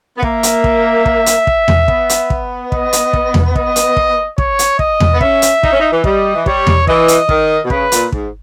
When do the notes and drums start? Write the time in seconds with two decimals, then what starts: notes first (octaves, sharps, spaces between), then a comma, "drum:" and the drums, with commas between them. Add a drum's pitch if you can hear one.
0.17 B3
0.22 A#3 E5, drum: kick
0.43 drum: hi-hat
0.64 drum: kick
1.06 drum: kick
1.26 drum: hi-hat
1.47 drum: kick
1.68 drum: tom E2
1.88 B3, drum: kick
2.09 drum: hi-hat
2.30 drum: kick
2.72 D#5, drum: kick
2.93 drum: hi-hat
3.13 drum: kick
3.34 drum: tom E2
3.56 D#5, drum: kick
3.76 drum: hi-hat
3.96 drum: kick
4.38 C#5, drum: kick
4.59 drum: hi-hat
4.79 D#5, drum: kick
5.00 drum: tom E2
5.13 B3
5.21 C#4 E5, drum: kick
5.42 drum: hi-hat
5.63 D#4, drum: kick
5.72 C#4
5.80 D#4
5.92 E3
6.04 G3 D#5, drum: kick
6.35 E3
6.46 G3 C#5, drum: kick
6.67 drum: tom E2
6.87 E3 D#5, drum: kick
7.08 drum: hi-hat
7.29 D#3, drum: kick
7.64 B2
7.70 C#3 B4, drum: kick
7.92 A#2, drum: hi-hat
8.12 G#2, drum: kick